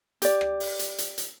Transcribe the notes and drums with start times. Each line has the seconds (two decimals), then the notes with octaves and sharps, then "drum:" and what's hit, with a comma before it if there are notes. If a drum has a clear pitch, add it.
0.22 G4 D5, drum: hi-hat
0.41 drum: rim click
0.60 drum: open hi-hat
0.79 drum: hi-hat
0.98 drum: hi-hat
1.18 drum: hi-hat